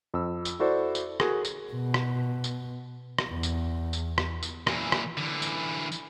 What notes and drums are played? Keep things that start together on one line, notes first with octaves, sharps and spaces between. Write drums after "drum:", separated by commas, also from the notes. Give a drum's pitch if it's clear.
F2 E6
drum: tambourine
E4 F#4 A4 C5 D5
drum: tambourine
F#4 G#4 A#4, drum: rim click
drum: tambourine
B2
drum: rim click
drum: tambourine
drum: rim click
E2
drum: tambourine
drum: tambourine
drum: rim click
drum: tambourine
A#2 E3, drum: rim click
drum: rim click
D3 E3
drum: tambourine
drum: tambourine